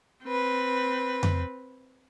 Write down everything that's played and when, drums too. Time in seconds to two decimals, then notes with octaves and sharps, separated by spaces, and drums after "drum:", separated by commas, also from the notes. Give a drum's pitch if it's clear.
0.24 C4 B4
1.23 drum: tom F2